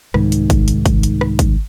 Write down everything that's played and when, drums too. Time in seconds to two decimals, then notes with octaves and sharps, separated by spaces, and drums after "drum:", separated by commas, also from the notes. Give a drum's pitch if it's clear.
0.14 C2 G#2 D#3, drum: rim click
0.32 drum: hi-hat
0.50 drum: kick G#1, hi-hat
0.68 drum: hi-hat
0.86 drum: kick G#1, hi-hat
1.03 drum: hi-hat
1.21 drum: rim click
1.39 drum: kick G#1, hi-hat